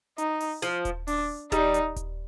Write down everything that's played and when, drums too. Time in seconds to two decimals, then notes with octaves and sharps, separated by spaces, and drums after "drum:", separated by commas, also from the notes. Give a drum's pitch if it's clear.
0.18 D#4, drum: hi-hat
0.40 drum: open hi-hat
0.62 F3, drum: hi-hat
0.85 drum: kick D#1, hi-hat
1.07 D4, drum: open hi-hat
1.52 G3 D#4, drum: kick D#1, hi-hat
1.74 drum: hi-hat
1.96 drum: kick D#1, hi-hat